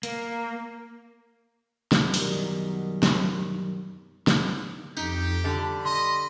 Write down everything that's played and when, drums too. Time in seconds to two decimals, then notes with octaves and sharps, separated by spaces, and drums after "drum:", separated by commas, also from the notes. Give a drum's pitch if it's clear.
0.03 A#3, drum: hi-hat
1.92 drum: snare
2.14 F#2 B2 D#3 F#3 G3, drum: open hi-hat
3.03 drum: snare
4.27 drum: snare
4.97 F2 D#4 G4, drum: tambourine
5.44 D3 G3 A5 B5
5.85 D#5 C6